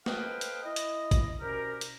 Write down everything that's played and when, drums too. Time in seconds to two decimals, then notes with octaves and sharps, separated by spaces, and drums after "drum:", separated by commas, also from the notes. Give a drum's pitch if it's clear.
0.06 A4 B4 C5 D#5 F5 G5, drum: snare
0.41 drum: hi-hat
0.64 E4 D#5
0.76 drum: hi-hat
1.11 drum: kick, hi-hat
1.41 C2 B2 C#4 G4 A#4
1.81 drum: hi-hat